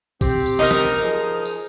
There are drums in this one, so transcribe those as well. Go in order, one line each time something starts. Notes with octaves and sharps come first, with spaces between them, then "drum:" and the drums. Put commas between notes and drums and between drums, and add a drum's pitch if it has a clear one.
C4 G4, drum: kick A#1, tambourine
drum: tambourine
D#4 E4 A#4
drum: snare
F3 G#4
drum: tambourine